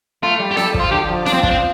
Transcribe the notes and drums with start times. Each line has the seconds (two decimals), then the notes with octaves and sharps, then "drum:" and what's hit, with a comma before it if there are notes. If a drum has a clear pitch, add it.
0.22 A3 F4
0.39 G3
0.51 G4
0.57 G3 A4, drum: snare
0.74 F3, drum: kick
0.80 F4
0.91 D3 G4
1.08 F3
1.26 D4, drum: snare
1.34 C4
1.43 D4, drum: kick
1.51 C4